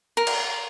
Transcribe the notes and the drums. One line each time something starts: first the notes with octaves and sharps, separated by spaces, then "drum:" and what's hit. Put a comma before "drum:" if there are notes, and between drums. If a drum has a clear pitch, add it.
A#4
drum: cymbal